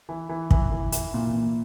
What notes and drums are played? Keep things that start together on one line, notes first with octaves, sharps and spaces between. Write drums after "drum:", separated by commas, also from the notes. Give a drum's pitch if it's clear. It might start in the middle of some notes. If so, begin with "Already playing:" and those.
E3
E3
E3, drum: kick
E3
E3, drum: hi-hat
A#2
A#2